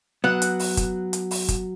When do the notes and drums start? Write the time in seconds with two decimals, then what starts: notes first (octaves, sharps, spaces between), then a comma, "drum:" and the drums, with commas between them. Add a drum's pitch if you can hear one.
0.24 F#3 B3 F#5
0.42 drum: hi-hat
0.59 drum: open hi-hat
0.77 drum: kick, hi-hat
1.13 drum: hi-hat
1.31 drum: open hi-hat
1.49 drum: kick, hi-hat